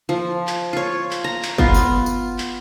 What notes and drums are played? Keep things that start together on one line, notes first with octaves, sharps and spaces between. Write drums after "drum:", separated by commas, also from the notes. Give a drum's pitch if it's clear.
F3
drum: clap
F4 C#5
drum: clap
A#5
drum: clap
B3 F4, drum: kick
drum: tambourine
drum: tambourine
drum: clap